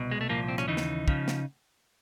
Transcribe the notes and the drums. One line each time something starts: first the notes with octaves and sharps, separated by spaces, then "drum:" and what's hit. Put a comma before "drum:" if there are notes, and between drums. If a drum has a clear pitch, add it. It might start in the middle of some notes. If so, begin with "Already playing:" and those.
Already playing: C2 B2
G#3
A3
C2 A#2 F3 A#3
C4
C#4, drum: rim click
D#2 C#3 E3 D#4
drum: snare
C#3 F3, drum: kick
drum: snare